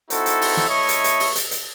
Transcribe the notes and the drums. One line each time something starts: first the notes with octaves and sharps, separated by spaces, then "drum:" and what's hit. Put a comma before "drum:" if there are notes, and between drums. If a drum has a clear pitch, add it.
C4 D#4 E4 F#4 A4, drum: hi-hat
drum: hi-hat
drum: open hi-hat
drum: snare
A3 E4 C#5 D#5 C#6
drum: hi-hat
drum: hi-hat
drum: open hi-hat
drum: hi-hat
drum: hi-hat